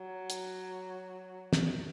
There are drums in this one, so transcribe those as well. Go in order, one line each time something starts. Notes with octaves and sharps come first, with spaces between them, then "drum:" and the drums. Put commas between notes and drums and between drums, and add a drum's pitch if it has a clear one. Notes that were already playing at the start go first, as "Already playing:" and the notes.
Already playing: F#3
drum: hi-hat
drum: snare